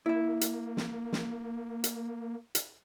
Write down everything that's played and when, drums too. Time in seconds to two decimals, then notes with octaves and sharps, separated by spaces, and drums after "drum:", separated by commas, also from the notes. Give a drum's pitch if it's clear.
0.06 A#3 E4 E5
0.41 drum: hi-hat
0.77 drum: snare
1.13 drum: snare
1.84 drum: hi-hat
2.55 drum: hi-hat